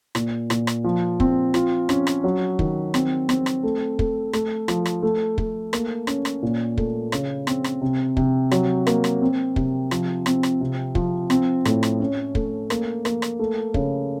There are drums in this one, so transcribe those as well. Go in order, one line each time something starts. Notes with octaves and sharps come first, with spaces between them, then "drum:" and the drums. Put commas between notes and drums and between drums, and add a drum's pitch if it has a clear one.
A#2, drum: rim click
A#2, drum: rim click
drum: rim click
F3
C4, drum: kick
F4, drum: rim click
C#4, drum: rim click
drum: rim click
F#3
D#3, drum: kick
C4, drum: rim click
C4, drum: rim click
drum: rim click
A3
A3, drum: kick
A3, drum: rim click
F3, drum: rim click
drum: rim click
A3
A3, drum: kick
A#3, drum: rim click
C#4, drum: rim click
drum: rim click
A#2
A3, drum: kick
C#3, drum: rim click
C4, drum: rim click
drum: rim click
C3
C3, drum: kick
F#3, drum: rim click
A#3, drum: rim click
drum: rim click
C4
C3, drum: kick
F3, drum: rim click
C4, drum: rim click
drum: rim click
C3
F3, drum: kick
C4, drum: rim click
A2, drum: rim click
drum: rim click
C#4
A3, drum: kick
A#3, drum: rim click
A#3, drum: rim click
drum: rim click
A3
C#3, drum: kick